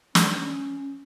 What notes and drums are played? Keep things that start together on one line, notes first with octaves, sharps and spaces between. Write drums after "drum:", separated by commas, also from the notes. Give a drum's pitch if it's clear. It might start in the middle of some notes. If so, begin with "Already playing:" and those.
C#4, drum: snare